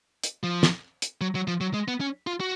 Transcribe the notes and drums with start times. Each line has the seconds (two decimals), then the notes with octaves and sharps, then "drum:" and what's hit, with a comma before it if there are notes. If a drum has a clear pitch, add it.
0.24 drum: hi-hat
0.43 F3
0.63 drum: snare
1.02 drum: hi-hat
1.21 F#3
1.35 F#3
1.48 F3
1.61 F#3
1.74 G#3
1.88 B3
2.01 C#4
2.27 F4
2.40 F#4